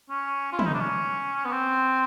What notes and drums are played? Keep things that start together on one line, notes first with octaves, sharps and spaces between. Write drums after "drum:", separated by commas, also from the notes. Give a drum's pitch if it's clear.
C#4
F4
E4, drum: tom
D#4
D4
C#4
B3
C4